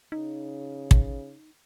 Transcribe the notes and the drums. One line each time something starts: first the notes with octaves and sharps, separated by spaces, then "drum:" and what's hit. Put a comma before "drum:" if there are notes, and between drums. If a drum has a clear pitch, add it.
C#3 D#4
drum: kick